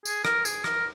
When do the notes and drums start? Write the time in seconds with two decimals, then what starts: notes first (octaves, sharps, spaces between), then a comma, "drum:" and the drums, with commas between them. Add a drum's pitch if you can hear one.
0.05 G#4, drum: tambourine
0.25 A#4, drum: rim click
0.45 G#4, drum: tambourine
0.64 A#4, drum: rim click